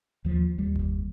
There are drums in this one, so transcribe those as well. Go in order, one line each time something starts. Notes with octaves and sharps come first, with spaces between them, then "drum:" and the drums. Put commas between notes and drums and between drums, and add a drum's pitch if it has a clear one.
D#2 F3
D#2 G3
drum: kick F#1